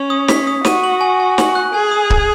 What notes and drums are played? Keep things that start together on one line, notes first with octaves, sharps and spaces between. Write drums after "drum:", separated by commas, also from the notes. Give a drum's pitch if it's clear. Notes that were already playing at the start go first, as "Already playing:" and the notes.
Already playing: C#4
D#6
B6, drum: snare
D#6
F#4 D#7, drum: snare
F#7
G#5
G#5
F#7, drum: snare
F#6
G#4 G#5
D#6
G#6, drum: kick C#1